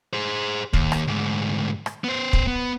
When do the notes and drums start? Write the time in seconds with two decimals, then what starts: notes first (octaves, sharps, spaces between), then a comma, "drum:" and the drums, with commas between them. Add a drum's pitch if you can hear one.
0.13 G#4 C5
0.73 D#2, drum: kick
0.92 drum: rim click
1.07 D2 G#2
1.86 drum: rim click
2.04 B3 C5
2.33 drum: kick
2.47 B3